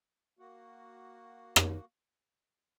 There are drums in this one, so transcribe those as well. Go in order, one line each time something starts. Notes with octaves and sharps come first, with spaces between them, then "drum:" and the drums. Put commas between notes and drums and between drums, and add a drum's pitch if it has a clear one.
A#3 F#4
drum: rim click